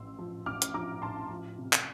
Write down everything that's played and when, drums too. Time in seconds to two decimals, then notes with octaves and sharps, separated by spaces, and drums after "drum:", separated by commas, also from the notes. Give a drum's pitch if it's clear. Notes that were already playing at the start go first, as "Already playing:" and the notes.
Already playing: A1 F3 C6 E6
0.19 F3
0.46 A1 D6 F6
0.62 drum: hi-hat
0.74 F3 A#5 D6
1.02 A1 A5 C6
1.31 F3
1.58 C3
1.73 drum: clap